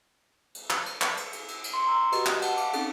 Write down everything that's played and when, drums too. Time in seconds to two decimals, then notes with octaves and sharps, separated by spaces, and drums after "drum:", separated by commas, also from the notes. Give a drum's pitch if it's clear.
0.55 drum: cymbal
0.70 drum: clap
0.86 drum: cymbal
1.01 drum: clap
1.17 drum: cymbal
1.33 drum: cymbal
1.48 drum: cymbal
1.64 drum: cymbal
1.73 C6
1.87 A#5 E6
2.12 F#4 G4 B4 D#5, drum: cymbal
2.26 drum: clap
2.42 F#5 A5, drum: cymbal
2.57 F5 D6, drum: cymbal
2.73 C4 C#4 D#4 G#4 A4, drum: cymbal